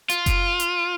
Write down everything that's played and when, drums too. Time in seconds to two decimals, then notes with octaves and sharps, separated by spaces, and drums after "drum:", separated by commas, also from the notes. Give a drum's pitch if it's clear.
0.10 F4, drum: hi-hat
0.26 drum: kick F#1, hi-hat
0.60 drum: hi-hat